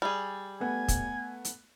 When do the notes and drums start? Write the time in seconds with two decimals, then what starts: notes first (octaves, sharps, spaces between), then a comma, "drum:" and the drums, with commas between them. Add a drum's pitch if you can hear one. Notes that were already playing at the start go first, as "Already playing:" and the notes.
0.02 G3 G#4
0.60 A3 B3 G#5
0.88 drum: kick, hi-hat
1.45 drum: hi-hat